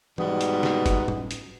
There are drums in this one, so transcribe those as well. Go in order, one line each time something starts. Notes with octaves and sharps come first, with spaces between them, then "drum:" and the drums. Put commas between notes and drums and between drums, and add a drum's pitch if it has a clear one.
G#2 B2 G3 B3, drum: tom E3
drum: hi-hat
drum: snare
drum: kick, hi-hat
drum: tom
drum: hi-hat